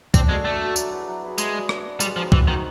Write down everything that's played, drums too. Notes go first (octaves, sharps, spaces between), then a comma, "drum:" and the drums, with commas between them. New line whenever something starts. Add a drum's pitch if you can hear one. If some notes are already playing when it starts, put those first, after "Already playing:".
C4 D4, drum: kick, tambourine
G#3 F#4 A4
A3 D4
F#4 A4
F#3, drum: tambourine
B3 E4 G#4
F#3
B3 E4 G#4
G#3 D4, drum: tambourine
F#4 B4
D4, drum: rim click
F#4 B4
G3 G#3, drum: tambourine
F3 C4 D#4 F#4
E3 G#3, drum: kick
D#3 C4 D#4 F#4